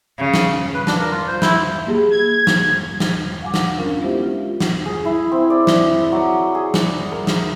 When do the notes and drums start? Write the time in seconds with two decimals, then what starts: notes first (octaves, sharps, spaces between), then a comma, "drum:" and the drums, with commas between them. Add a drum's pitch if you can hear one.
0.18 C#3
0.34 drum: snare
0.74 B4
0.87 D4, drum: snare
0.99 A#4
1.11 F4
1.27 C5
1.42 E4, drum: snare
1.87 A#3 G4 G#4
2.11 G#6
2.47 drum: snare
3.00 drum: snare
3.42 F5 F#5 G#5 D6
3.54 drum: snare
3.77 C#4 D4 F4 A#4 F5
4.01 G#3 B3 E4 G4 C5 E5
4.23 F4
4.60 drum: snare
4.86 G#4
5.05 E4
5.32 C4
5.50 D5
5.67 drum: snare
6.12 F#3
6.55 G#4
6.74 drum: snare
7.12 A#4
7.27 drum: snare